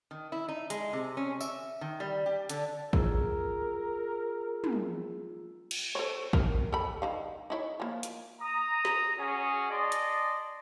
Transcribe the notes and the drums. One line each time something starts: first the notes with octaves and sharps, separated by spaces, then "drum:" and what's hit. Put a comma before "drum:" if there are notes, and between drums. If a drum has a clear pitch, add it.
D#3
E4
D#4
G#3, drum: hi-hat
C3
C#4
E5, drum: tambourine
D#3
G3
G4
D3, drum: hi-hat
F4 G#4 A#4 E6, drum: kick
drum: tom
drum: cymbal
A4 C5 C#5
G4 A#4, drum: kick
A4 B5
D3 D#4 F5
D#4 E4 C#5
F3 A#3
drum: hi-hat
A#5 D#6
drum: snare
C#4 F#4 G#4
D5 D#5 A5 C6
drum: hi-hat